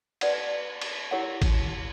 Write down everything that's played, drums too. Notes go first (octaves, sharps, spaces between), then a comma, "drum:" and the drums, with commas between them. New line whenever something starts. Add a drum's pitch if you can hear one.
B4 D5 F#5, drum: cymbal
drum: cymbal
E4 G4 A#4 C#5 F#5
drum: kick G#1, cymbal